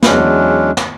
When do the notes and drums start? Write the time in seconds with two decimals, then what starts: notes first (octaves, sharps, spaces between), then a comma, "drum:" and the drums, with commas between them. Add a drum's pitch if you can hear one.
0.03 E2 F#3 G#3 C#4 D4, drum: snare
0.77 drum: snare